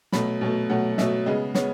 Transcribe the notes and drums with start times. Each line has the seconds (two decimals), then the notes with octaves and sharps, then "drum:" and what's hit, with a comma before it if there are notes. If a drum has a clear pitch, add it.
0.12 B2 F#3 A3 B5, drum: snare
0.41 B2 F#3 A3
0.69 B2 F#3 A3 F#5
0.98 B2 F#3 A3 E5, drum: snare
1.26 C#3 G#3 B3 D#5
1.55 G#3 B3 C#5, drum: snare